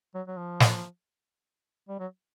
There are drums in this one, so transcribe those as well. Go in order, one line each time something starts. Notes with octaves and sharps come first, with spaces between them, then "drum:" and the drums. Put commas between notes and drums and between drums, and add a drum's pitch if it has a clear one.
F#3
F#3
F3
drum: snare
G3
F#3